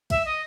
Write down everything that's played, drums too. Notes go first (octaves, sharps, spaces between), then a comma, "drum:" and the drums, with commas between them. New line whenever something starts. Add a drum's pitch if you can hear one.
E5, drum: kick, cymbal
D#5